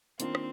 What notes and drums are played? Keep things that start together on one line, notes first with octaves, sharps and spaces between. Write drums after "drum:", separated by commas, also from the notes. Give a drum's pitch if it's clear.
D#3 A#3 C4 D4 F4, drum: hi-hat
drum: rim click